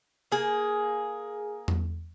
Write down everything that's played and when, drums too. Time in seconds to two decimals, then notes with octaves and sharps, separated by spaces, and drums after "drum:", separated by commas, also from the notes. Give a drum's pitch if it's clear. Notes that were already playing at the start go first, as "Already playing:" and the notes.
0.32 A#3 G#4
1.68 drum: tom E2